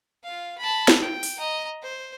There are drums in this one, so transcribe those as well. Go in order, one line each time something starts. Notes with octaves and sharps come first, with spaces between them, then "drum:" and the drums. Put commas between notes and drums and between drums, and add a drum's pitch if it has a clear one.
F4 F5
A5 B5
drum: snare
G5
drum: open hi-hat
D#5 A#5
C5